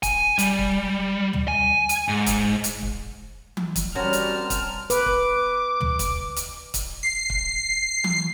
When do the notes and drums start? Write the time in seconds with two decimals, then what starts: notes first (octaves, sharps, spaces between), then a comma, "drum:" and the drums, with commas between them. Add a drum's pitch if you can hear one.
0.03 G#5, drum: kick, hi-hat
0.39 G3, drum: hi-hat
0.59 drum: kick
1.33 drum: tom
1.48 G#5
1.89 drum: hi-hat
2.08 G#2
2.26 drum: kick, hi-hat
2.64 drum: hi-hat
2.82 drum: kick
3.57 drum: tom E3
3.76 drum: kick, hi-hat
3.95 G3 C4 C#4 F#4 A#4 A5 F6
4.13 drum: hi-hat
4.50 drum: kick, hi-hat
4.90 B4 D6, drum: hi-hat
5.06 drum: kick
5.81 drum: tom
5.99 drum: kick, hi-hat
6.36 drum: hi-hat
6.74 drum: kick, hi-hat
7.03 C7
7.30 drum: kick
8.04 drum: tom E3